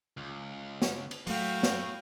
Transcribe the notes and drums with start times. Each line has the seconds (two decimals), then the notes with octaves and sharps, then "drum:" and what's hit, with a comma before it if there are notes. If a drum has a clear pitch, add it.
0.17 C#2
0.82 drum: snare
1.11 drum: cymbal
1.27 A2 F#3 A3 F#4 F5 G5, drum: open hi-hat
1.63 drum: snare